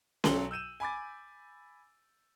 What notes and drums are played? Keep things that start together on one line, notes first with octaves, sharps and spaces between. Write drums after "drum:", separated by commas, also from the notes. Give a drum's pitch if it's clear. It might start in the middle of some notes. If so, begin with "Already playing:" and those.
B1 F#3 A4 C6 F#7 G7, drum: snare C#4
E6 G6 D#7 E7
G#5 B5 D6 A6